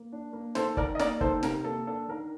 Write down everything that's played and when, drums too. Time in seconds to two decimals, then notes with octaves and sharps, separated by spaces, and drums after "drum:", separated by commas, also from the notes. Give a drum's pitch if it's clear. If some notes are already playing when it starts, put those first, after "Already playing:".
Already playing: A#3
0.12 D4
0.33 A#3
0.55 D#3 A4 C5, drum: snare
0.77 D#3 A#4 D5, drum: kick
0.95 D#5
0.99 A#3 A#4 D5, drum: snare
1.21 D#3 A4 C5, drum: kick
1.43 C3 A#4, drum: snare
1.65 A#3 A4
1.87 D4 A4
2.08 D#3 A#4